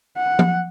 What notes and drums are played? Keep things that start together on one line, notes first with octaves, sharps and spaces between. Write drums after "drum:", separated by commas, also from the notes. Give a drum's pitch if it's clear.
F#5
drum: tom F3